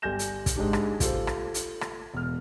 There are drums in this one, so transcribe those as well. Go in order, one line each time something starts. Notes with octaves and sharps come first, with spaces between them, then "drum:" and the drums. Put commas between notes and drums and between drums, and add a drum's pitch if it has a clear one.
G1 G4 G#5 G6 A#6 E7
drum: hi-hat
drum: kick, hi-hat
G#2 G#3 D4 G4
drum: rim click
F4 G4 A4 C5, drum: kick, hi-hat
drum: rim click
drum: hi-hat
drum: rim click
E1 F6